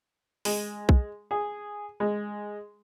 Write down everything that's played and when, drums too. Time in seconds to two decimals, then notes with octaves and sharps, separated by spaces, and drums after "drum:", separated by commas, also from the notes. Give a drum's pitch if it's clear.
0.45 G#3, drum: open hi-hat
0.89 drum: kick B1
1.31 G#4
2.00 G#3